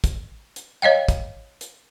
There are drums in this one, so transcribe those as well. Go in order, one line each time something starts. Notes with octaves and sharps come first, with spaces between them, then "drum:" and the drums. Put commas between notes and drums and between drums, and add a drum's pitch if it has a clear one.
drum: kick, hi-hat
drum: hi-hat
C#5 D#5 F5 G5
drum: kick, hi-hat
drum: hi-hat